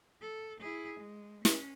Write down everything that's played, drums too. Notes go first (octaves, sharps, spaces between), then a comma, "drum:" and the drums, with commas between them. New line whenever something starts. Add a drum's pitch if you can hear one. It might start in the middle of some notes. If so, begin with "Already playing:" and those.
A4
E4 G#4
G#3
C#4, drum: snare